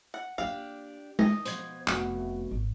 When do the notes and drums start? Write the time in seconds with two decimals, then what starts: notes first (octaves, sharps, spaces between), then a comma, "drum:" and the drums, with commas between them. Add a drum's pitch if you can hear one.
0.14 F#5
0.38 A#3 D4 F4 G4 D5 F5
1.19 D#4 D#5, drum: tom G#3
1.45 B2 F3 C5 G#6, drum: hi-hat
1.88 F1 B2 A3 B3 C#4 F#4, drum: clap
2.51 G#1